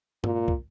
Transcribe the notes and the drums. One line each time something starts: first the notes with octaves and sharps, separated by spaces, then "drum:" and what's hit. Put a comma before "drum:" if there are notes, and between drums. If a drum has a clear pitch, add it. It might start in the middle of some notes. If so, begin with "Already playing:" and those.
A#2, drum: tom G2
drum: kick